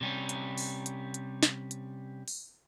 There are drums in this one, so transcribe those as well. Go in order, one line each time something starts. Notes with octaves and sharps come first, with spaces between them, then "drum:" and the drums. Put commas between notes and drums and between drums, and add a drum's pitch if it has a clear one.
C3 G3 C#4
drum: hi-hat
drum: open hi-hat
drum: hi-hat
drum: hi-hat
drum: snare
drum: hi-hat
drum: open hi-hat